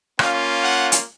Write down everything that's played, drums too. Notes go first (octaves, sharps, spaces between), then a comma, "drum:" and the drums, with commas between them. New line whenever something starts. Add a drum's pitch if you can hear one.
A#3 C#4 F4 F5, drum: rim click
F#5
drum: hi-hat